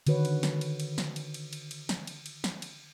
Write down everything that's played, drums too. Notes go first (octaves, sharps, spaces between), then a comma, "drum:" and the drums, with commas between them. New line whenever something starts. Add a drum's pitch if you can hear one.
D3 D#3 F#4 B4 C#5, drum: cymbal
drum: cymbal
drum: snare
drum: cymbal
drum: cymbal
drum: snare
drum: cymbal
drum: cymbal
drum: cymbal
drum: cymbal
drum: snare
drum: cymbal
drum: cymbal
drum: snare
drum: cymbal